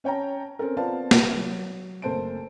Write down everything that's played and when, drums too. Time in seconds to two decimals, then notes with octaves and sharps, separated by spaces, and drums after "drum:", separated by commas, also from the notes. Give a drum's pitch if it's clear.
0.04 C#4 C#5 G5 A5 A#5
0.59 C4 C#4 A4 A#4
0.77 B3 C4 F4 D5 F5 A5
1.11 C2, drum: snare
1.37 F#3
2.02 F#1 A3 C5 A5 D7